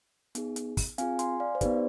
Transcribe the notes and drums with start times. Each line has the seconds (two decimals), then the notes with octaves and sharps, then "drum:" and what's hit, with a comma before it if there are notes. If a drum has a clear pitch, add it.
0.35 B3 D#4 G#4, drum: hi-hat
0.56 drum: hi-hat
0.77 drum: kick, open hi-hat
0.98 C4 F4 G#4 F5 G#5, drum: hi-hat
1.19 G#5 C6, drum: hi-hat
1.40 D5 F5
1.55 C5
1.61 B3 D#4 G4 B4 D5, drum: kick, hi-hat